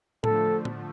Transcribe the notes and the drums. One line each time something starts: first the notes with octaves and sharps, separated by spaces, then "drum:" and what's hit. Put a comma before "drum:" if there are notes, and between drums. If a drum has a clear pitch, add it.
D3 F3 A3 A4, drum: tom A2
drum: tom A2